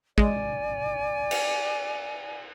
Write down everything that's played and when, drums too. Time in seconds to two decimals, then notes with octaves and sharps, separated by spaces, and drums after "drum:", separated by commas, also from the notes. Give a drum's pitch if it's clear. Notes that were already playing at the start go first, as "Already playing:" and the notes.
0.18 G#3 D5 G#5, drum: kick
1.31 drum: cymbal